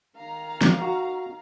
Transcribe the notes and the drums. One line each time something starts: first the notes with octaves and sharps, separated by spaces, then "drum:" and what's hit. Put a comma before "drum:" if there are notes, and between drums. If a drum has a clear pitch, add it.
D#3 F5 A#5
drum: snare
F#4